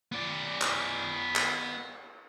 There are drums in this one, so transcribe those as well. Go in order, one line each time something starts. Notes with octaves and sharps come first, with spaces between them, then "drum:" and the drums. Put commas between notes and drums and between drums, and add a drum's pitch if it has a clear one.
B3 D5
drum: clap
drum: clap